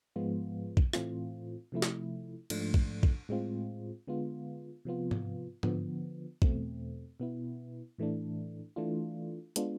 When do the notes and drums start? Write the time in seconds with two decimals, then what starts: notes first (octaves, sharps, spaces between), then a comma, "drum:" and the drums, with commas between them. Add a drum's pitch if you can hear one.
0.16 G#2 F3 G#3 B3 F4
0.77 drum: kick A#1
0.93 A2 E3 A3 C4 F4, drum: rim click
1.72 C3 F3 A3 E4
1.82 drum: snare
2.50 G#2 F3 A3 D4, drum: cymbal
2.74 drum: kick A#1
3.03 drum: kick A#1
3.29 A2 G#3 C4 F4
4.07 D3 G#3 B3 F4
4.85 C3 F3 B3 F4
5.11 drum: tom G#2
5.63 D3 F3 B3, drum: tom G#2
6.42 E2 B2 A3 C4, drum: kick A#1
7.20 B2 B3 E4
7.98 A2 E3 A3 D4
8.76 E3 A3 D4 F4
9.56 G#3 B3 D4 F4, drum: hi-hat